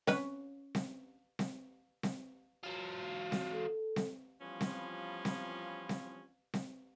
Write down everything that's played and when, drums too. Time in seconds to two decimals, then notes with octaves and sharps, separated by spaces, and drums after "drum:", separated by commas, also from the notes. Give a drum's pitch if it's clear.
0.07 C#4 B4 C#5, drum: snare C4
0.75 drum: snare C4
1.39 drum: snare C4
2.03 drum: snare C4
2.64 F#3 F4
3.32 drum: snare C4
3.53 A4
3.96 drum: snare C4
4.40 E3 F3 G3 B3 C#4 F4
4.61 drum: snare C4
5.25 drum: snare C4
5.89 drum: snare C4
6.54 drum: snare C4